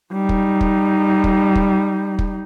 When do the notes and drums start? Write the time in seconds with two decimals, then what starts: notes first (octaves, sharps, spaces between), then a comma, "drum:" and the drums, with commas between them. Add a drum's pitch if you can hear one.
0.13 G3 D#4
0.29 drum: kick
0.61 drum: kick
1.24 drum: kick
1.55 drum: kick
2.19 drum: kick